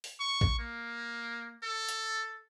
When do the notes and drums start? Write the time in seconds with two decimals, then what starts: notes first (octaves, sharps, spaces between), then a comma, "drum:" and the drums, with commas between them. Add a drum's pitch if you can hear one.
0.04 drum: open hi-hat
0.20 C#6
0.41 drum: kick A1
0.59 A#3
1.63 A4
1.89 drum: hi-hat